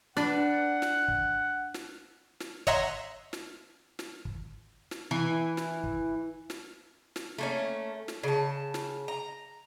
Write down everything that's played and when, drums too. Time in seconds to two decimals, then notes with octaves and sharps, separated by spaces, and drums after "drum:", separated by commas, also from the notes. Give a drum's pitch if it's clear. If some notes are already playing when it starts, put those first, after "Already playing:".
0.17 D4 B4 F#5, drum: snare
0.82 drum: snare
1.08 drum: kick
1.74 drum: snare
2.40 drum: snare
2.67 C#5 D#5 E5 F#5 A#5 C6, drum: kick
3.33 drum: snare
3.99 drum: snare
4.25 drum: kick
4.91 drum: snare
5.11 E3
5.57 drum: snare
5.84 drum: kick
6.50 drum: snare
7.16 drum: snare
7.38 A3 A#3 C#4
8.08 drum: snare
8.23 C#3 A5
8.74 drum: snare
9.08 A#5